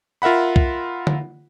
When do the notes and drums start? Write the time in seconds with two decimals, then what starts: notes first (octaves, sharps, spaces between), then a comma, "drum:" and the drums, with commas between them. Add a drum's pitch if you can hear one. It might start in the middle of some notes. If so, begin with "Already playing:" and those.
0.22 F4 A#4 E5 F#5 B5
0.56 drum: kick
1.07 drum: tom D3